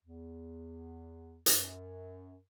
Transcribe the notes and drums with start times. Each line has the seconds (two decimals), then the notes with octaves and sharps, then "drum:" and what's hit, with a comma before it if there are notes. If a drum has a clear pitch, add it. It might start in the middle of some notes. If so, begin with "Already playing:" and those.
0.04 E2
1.46 F#2, drum: hi-hat